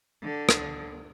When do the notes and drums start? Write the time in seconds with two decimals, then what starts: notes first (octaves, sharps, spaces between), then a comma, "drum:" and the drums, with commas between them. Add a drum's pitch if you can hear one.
0.22 D3
0.49 drum: rim click